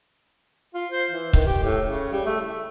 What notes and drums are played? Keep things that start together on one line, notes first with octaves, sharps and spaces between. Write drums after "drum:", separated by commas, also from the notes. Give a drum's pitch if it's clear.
F4
C5
E3
D#3, drum: kick C#1
G4
A2
C#3
G3
A3
E4